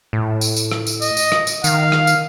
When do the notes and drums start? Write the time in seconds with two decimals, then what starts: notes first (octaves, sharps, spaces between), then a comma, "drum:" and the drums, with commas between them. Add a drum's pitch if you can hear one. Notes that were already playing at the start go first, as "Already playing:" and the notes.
0.13 A2
0.41 drum: tambourine
0.56 drum: tambourine
0.72 drum: rim click
0.87 drum: tambourine
1.02 D#5, drum: tambourine
1.17 drum: tambourine
1.32 drum: rim click
1.47 drum: tambourine
1.64 D#3 F5, drum: tambourine
1.92 drum: rim click
2.07 drum: tambourine